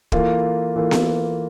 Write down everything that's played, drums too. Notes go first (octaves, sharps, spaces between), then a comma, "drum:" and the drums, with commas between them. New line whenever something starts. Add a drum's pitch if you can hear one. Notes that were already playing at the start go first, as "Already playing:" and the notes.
E3 A#3 F4 A4, drum: kick
E3 A#3 F4 A4
drum: snare B3